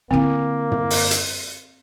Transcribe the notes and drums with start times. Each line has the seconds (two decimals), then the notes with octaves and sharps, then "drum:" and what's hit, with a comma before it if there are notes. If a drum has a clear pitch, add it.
0.11 D3 A#3 C4 E4
0.72 drum: tom
0.90 drum: open hi-hat
1.11 drum: hi-hat